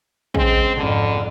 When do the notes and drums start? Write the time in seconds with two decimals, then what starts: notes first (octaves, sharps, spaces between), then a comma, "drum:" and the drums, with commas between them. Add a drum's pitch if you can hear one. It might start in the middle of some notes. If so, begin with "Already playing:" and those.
0.35 C#3 G#3 C4, drum: kick
0.76 F2 G#2 D3